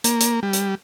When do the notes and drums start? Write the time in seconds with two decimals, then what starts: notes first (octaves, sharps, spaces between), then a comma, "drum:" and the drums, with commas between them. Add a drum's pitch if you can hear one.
0.04 A#3, drum: hi-hat
0.21 drum: hi-hat
0.43 G3
0.53 drum: hi-hat